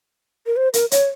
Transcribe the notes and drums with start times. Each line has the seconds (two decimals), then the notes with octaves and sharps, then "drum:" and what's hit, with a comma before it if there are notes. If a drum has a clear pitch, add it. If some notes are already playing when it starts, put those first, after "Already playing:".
0.46 A#4
0.57 C5
0.74 A#4, drum: hi-hat
0.91 C#5, drum: hi-hat